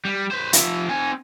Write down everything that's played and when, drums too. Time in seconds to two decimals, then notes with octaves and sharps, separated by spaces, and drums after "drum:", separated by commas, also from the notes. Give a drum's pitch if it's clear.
0.05 G3
0.31 B4 C5
0.53 F3 E5, drum: hi-hat
0.88 C4 G#5